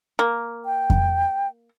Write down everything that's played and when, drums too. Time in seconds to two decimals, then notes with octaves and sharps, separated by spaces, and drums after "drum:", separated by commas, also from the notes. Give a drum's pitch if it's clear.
0.19 A#3
0.65 G5
0.90 drum: kick F2